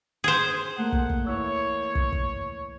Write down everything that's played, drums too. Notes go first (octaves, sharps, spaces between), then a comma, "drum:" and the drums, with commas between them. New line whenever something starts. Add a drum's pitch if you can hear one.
G#4 C5
A3 A#3 F#5
drum: kick
drum: kick
E3 E4 C#5 E6
drum: kick
drum: kick